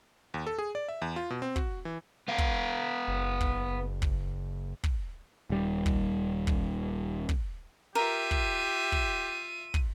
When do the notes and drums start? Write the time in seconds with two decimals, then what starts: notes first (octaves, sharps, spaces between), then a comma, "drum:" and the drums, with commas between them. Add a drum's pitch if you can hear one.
0.34 D#2
0.47 A4
0.58 G#4
0.75 D5
0.88 E5
1.02 E2
1.16 F4
1.30 B2
1.42 C4
1.56 F#4, drum: kick
1.85 E3
2.28 B3 F5
2.38 drum: kick
3.08 F#1
3.41 drum: kick
4.02 drum: kick
4.84 drum: kick
5.50 D#1 G3
5.86 drum: kick
6.47 drum: kick
7.29 drum: kick
7.95 F4 G4 A#4 E5 D#7
8.31 drum: kick
8.92 drum: kick
9.74 drum: kick